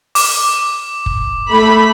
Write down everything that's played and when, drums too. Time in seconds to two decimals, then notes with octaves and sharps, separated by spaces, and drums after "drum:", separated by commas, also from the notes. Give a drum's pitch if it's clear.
0.15 D6, drum: open hi-hat
1.06 drum: kick
1.48 A3 B5